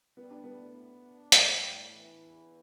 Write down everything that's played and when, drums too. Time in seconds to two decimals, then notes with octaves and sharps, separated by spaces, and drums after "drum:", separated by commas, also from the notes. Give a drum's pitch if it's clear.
0.17 G3 B3
0.30 D4
0.44 A2 B3
0.75 B3
1.04 D4
1.32 G3, drum: hi-hat
1.62 A2
1.90 E3
2.20 E2